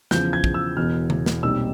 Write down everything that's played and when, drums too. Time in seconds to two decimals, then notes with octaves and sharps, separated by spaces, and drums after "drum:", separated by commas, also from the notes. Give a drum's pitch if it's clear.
0.11 E2 C#3 F3 G6, drum: snare
0.33 G#6
0.44 drum: kick
0.54 E6
0.77 E1 E2 B2 F6
1.10 drum: tom C#3
1.26 drum: snare
1.43 B1 A#2 G3 C4 D#4 E6